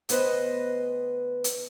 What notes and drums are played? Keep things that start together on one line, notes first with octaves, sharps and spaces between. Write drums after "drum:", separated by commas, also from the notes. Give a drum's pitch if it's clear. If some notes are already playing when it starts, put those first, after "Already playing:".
D2 B3 B4 C5 D#5, drum: hi-hat
drum: hi-hat